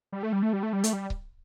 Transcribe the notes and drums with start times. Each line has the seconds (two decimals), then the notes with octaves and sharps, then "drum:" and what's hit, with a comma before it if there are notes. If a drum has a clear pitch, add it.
0.12 G3
0.23 A3
0.33 G3
0.43 A3
0.53 G3
0.63 A3
0.73 G3
0.84 A3, drum: hi-hat
0.93 G3
1.10 drum: kick C#1